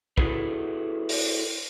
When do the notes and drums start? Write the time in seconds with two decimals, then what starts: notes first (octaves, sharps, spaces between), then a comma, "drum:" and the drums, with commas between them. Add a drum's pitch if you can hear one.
0.18 E4 F#4 G#4 A4 B4, drum: kick
1.09 drum: open hi-hat